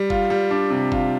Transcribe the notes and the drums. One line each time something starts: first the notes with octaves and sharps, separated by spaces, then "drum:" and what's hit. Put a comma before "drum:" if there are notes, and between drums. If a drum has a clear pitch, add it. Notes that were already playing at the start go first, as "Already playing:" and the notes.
Already playing: G3
F4, drum: kick G1
G3
D4
C3
F4, drum: kick G1